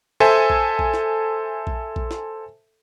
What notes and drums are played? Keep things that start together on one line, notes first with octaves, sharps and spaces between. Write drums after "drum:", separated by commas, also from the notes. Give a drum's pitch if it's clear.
A4 C5 E5 G#5
drum: kick A#1
drum: kick A#1
drum: snare
drum: kick A#1
drum: kick A#1
drum: snare